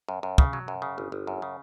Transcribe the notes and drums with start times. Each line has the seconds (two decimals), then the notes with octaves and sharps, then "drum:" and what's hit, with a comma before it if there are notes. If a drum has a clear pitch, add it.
0.09 F#2
0.23 F#2
0.38 C#3, drum: kick
0.53 F#3
0.68 F#2
0.82 C#3
0.98 G1
1.12 G1
1.27 F#2
1.42 C#3